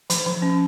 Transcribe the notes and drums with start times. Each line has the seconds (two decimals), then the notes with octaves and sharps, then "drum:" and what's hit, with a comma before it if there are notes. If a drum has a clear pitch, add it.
0.10 F3, drum: hi-hat
0.26 F3
0.42 C#4